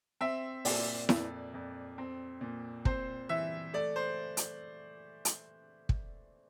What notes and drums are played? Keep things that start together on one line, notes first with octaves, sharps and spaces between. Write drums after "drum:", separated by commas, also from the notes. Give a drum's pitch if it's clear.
C4 E5
A#2 D5, drum: open hi-hat
F2, drum: snare E4
F2
C4
A#2
C4 C5, drum: kick
E3 E5
A3 D5
C5
drum: hi-hat
drum: hi-hat
drum: kick